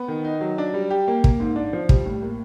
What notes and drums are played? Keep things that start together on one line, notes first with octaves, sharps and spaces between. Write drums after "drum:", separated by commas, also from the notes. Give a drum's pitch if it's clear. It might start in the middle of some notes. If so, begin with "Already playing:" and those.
Already playing: B3
D#3
D#4
F#3
D4
G3
G4
A#3
A#3, drum: kick
G#2
D4
F3
G3, drum: kick
A2
A#3